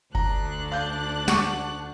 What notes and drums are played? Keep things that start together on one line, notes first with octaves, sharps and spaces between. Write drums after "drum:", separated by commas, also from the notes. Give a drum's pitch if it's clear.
D2 D4 A#5 F#6, drum: kick F#1
F5 G6
F#5 C#6 D6, drum: snare